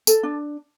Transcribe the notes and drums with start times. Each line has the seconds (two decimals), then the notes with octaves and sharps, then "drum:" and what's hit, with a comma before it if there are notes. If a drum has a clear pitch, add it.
0.07 A4, drum: tambourine
0.23 D4